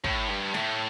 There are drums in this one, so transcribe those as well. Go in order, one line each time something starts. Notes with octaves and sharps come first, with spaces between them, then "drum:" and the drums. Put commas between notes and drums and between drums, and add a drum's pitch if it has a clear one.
A2, drum: kick
G2
A2, drum: snare